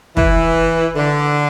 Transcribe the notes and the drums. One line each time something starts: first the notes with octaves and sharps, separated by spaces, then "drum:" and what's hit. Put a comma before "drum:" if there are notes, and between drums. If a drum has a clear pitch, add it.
E3, drum: kick
D3